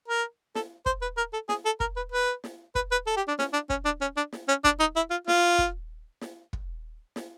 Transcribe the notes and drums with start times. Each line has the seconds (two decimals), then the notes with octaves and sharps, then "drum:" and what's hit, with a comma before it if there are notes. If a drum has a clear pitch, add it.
0.08 A#4
0.55 A4, drum: snare
0.86 C5, drum: kick
1.02 B4
1.17 A#4
1.33 A4
1.49 G#4, drum: snare
1.65 A4
1.80 A#4, drum: kick
1.96 B4
2.12 B4
2.44 drum: snare
2.75 B4, drum: kick
2.91 B4
3.07 A4
3.17 G4
3.28 D4
3.39 C#4, drum: snare
3.53 D4
3.70 C#4, drum: kick
3.85 D4
4.01 C#4
4.16 D4
4.33 drum: snare
4.48 C#4
4.64 D4, drum: kick
4.80 D#4
4.96 E4
5.11 F4
5.28 F4, drum: snare
5.58 drum: kick
6.21 drum: snare
6.53 drum: kick
7.16 drum: snare